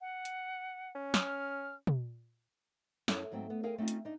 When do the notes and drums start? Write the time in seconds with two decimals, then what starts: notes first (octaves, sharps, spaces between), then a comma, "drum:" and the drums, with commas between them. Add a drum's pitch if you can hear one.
0.01 F#5
0.25 drum: hi-hat
0.95 C#4
1.14 F6, drum: snare
1.87 drum: tom
3.08 F#2 C#4 E4 A4 C#5 A5, drum: snare
3.31 G#2 F#3 A3 C4 G5
3.50 B3
3.63 G#4 A#4 F5 G5 G#5
3.78 A3 C4 C#4 D#4 F4
3.88 drum: hi-hat
4.05 D4 D#4